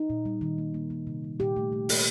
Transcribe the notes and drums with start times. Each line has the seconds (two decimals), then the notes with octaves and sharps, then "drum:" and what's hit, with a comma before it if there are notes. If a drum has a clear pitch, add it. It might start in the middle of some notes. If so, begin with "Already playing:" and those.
Already playing: D#4
0.10 A#2
0.25 G3
0.41 D#3
0.58 A#3
0.74 A#3
0.90 A#3
1.07 C3
1.24 G3
1.39 A#2 G4
1.56 A3
1.72 A3
1.89 A#3, drum: open hi-hat